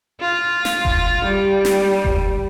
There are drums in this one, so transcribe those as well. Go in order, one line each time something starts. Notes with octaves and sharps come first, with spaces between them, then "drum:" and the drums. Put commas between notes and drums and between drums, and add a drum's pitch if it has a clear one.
F4
drum: snare
drum: kick F1
G3
drum: snare
drum: kick F1